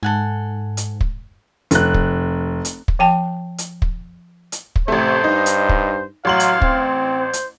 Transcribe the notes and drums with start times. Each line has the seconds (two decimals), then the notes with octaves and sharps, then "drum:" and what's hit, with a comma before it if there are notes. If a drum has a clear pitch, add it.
0.03 G#2 A4 F#5 G#5
0.77 drum: hi-hat
1.01 drum: kick
1.71 F1 F#6, drum: hi-hat
1.94 drum: kick
2.65 drum: hi-hat
2.88 drum: kick
2.99 F3 G5 A5
3.58 drum: hi-hat
3.82 drum: kick
4.52 drum: hi-hat
4.76 drum: kick
4.88 A1 C3 A3 C5
5.24 G2 D#4
5.46 drum: hi-hat
5.69 drum: kick
6.25 A1 F#3 F5 C6 F#7
6.40 drum: hi-hat
6.62 C4, drum: kick
7.20 C5
7.33 drum: hi-hat